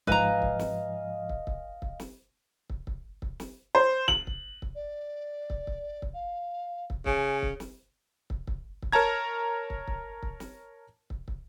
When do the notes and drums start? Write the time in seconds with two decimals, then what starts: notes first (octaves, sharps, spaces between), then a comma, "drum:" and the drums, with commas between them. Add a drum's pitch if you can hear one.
0.07 G#2 F3 B4 D#5 F5 G#5 A#5, drum: kick
0.42 drum: kick
0.59 drum: snare
1.29 drum: kick
1.47 drum: kick
1.82 drum: kick
2.00 drum: snare
2.70 drum: kick
2.87 drum: kick
3.22 drum: kick
3.40 drum: snare
3.75 C5
4.08 F#7, drum: kick
4.27 drum: kick
4.62 drum: kick
4.75 D5
5.50 drum: kick
5.67 drum: kick
6.02 drum: kick
6.14 F5
6.90 drum: kick
7.06 C#3 G#5, drum: kick
7.42 drum: kick
7.60 drum: snare
8.30 drum: kick
8.47 drum: kick
8.82 drum: kick
8.92 A#4 C#5 A5 A#5 G#6
9.70 drum: kick
9.88 drum: kick
10.23 drum: kick
10.40 drum: snare
11.10 drum: kick
11.28 drum: kick